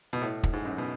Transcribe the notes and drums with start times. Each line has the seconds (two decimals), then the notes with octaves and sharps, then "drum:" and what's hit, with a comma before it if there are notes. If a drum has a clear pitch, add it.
0.13 B2
0.22 A2
0.43 drum: kick
0.53 G#2
0.65 F#2
0.78 B2